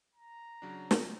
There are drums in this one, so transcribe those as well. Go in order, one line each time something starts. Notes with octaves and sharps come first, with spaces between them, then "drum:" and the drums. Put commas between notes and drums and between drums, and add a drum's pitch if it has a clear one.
A#5
C#3 F#3 D4
drum: snare